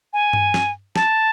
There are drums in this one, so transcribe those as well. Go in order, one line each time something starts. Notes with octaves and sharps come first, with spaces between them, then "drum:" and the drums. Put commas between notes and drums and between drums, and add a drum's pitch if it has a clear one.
G#5
drum: tom G2
drum: snare
A5, drum: snare